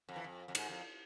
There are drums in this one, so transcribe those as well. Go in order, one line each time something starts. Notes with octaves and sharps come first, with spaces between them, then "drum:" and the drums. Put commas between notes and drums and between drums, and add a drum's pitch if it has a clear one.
F2
E3
F2
F2
G#2, drum: cymbal
F2